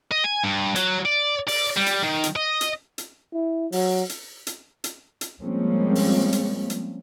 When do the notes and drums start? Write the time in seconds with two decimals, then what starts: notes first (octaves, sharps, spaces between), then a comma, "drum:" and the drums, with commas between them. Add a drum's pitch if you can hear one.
0.11 D#5
0.24 G#5
0.44 G2
0.76 F#3, drum: hi-hat
1.05 D5
1.48 D5, drum: open hi-hat
1.77 G3
1.86 drum: hi-hat
2.02 D#3
2.24 drum: hi-hat
2.36 D#5
2.61 drum: hi-hat
2.98 drum: hi-hat
3.33 E4
3.72 F#3, drum: open hi-hat
4.09 drum: hi-hat
4.47 drum: hi-hat
4.84 drum: hi-hat
5.21 drum: hi-hat
5.42 F3 G3 G#3 A#3 C4 C#4
5.95 drum: open hi-hat
6.33 drum: hi-hat
6.70 drum: hi-hat